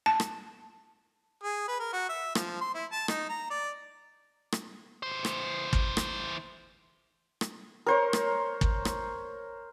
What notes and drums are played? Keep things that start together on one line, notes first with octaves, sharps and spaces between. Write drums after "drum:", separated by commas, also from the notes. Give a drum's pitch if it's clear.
A5
drum: rim click
G#4
B4
A#4
F#4
E5
F3, drum: rim click
C6
E4
A5
D#4, drum: rim click
A#5
D5
drum: rim click
E3 C5
drum: rim click
drum: kick
drum: rim click
drum: rim click
A#4 C5 C#5
drum: rim click
drum: kick
drum: rim click